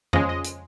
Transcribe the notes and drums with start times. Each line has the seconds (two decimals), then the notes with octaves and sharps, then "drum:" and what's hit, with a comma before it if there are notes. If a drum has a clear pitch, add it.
0.13 C#3 F3 G#3 C#4 D#5, drum: tom F2
0.29 D#5
0.44 drum: hi-hat